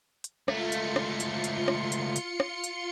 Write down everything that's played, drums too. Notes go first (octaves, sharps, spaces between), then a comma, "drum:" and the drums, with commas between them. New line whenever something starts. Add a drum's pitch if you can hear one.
drum: hi-hat
C#2 A3 F4 C6 C#7, drum: rim click
drum: hi-hat
drum: rim click
drum: hi-hat
drum: hi-hat
drum: rim click
drum: hi-hat
drum: hi-hat
drum: rim click
drum: hi-hat